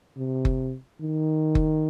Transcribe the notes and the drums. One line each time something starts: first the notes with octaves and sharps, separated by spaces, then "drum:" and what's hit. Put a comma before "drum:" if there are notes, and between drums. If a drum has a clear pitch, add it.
C3
drum: kick F#1
D#3
drum: kick F#1